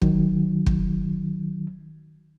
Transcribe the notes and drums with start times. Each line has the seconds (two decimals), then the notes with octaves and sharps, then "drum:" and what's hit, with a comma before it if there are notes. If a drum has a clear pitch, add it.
0.02 D#3 F#3, drum: kick
0.66 drum: kick